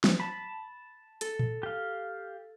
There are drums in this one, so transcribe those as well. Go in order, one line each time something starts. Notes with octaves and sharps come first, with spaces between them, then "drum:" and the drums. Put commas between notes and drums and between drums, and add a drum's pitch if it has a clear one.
drum: snare
A5 B5
A4, drum: hi-hat
drum: tom A#2
G4 F5